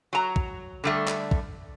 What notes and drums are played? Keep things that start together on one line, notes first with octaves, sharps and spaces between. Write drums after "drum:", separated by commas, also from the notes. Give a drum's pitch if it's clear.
F#3 A#5
drum: kick
D3 G3 A3
drum: clap
drum: kick